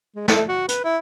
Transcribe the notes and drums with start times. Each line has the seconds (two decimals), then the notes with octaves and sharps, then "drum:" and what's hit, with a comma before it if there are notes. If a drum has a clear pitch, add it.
0.15 G#3
0.28 A3, drum: snare
0.48 F#4
0.68 B4, drum: hi-hat
0.84 E4